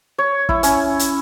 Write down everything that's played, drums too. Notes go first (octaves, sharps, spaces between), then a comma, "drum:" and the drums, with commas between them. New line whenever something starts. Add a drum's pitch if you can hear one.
C#5
E4, drum: kick
C#4, drum: hi-hat
drum: hi-hat